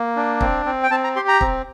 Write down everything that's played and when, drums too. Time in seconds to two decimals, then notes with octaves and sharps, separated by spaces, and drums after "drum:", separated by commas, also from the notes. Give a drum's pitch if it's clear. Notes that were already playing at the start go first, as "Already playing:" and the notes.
Already playing: A#3
0.16 D4
0.41 C4, drum: kick
0.66 C4
0.83 G5
0.91 C4 A5
1.04 A#5
1.16 G4 C6
1.28 A#5
1.41 C4, drum: kick